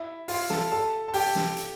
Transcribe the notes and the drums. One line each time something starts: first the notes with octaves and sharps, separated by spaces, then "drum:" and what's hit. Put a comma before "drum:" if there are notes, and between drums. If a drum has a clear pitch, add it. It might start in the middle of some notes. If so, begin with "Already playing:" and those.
Already playing: E4 E5
F4 F5, drum: open hi-hat
A4 A5, drum: snare
A4 A5
A5
G4 G5, drum: open hi-hat
drum: snare
drum: hi-hat